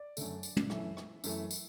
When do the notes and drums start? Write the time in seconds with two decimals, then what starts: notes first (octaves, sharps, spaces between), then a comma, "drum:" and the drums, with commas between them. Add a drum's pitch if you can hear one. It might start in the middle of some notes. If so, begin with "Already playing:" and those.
Already playing: D5
0.17 F#2 D3 A3, drum: tambourine
0.43 drum: tambourine
0.57 drum: tom
0.70 F#2 E3 A3 E5, drum: rim click
0.97 drum: rim click
1.24 F#2 E3 A3, drum: tambourine
1.51 drum: tambourine